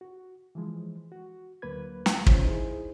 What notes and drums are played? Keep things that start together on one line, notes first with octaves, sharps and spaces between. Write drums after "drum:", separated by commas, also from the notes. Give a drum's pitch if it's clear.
F#4
E3 F3 G#3
F#4
D2 F#3 A#3 B4 G#6
drum: snare
G3 C#4 F4 C5 C#5, drum: kick
D#4 E4 G#4 C5